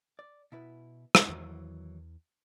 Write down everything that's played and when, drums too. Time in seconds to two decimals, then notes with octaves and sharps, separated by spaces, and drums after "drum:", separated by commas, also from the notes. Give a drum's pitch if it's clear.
0.19 D5
0.52 B2 E4 B4
1.15 drum: rim click
1.29 E2 D#3 E3 F#3